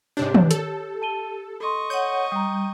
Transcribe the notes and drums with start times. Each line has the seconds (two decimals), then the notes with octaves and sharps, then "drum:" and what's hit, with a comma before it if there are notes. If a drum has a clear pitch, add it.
0.17 G#2 C3 D4 G4 C#5
0.34 drum: tom
0.51 A4, drum: hi-hat
1.02 A5 D#7 G7
1.60 A4 D#5 C6 C#6
1.90 C#5 F#5 G6 D#7
2.32 G3 A#5 D#6